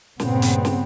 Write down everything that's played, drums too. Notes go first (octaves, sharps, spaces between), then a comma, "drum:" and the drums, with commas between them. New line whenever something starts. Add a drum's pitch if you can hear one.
G2 A#2 C#3 B3 C4, drum: snare
drum: hi-hat
drum: snare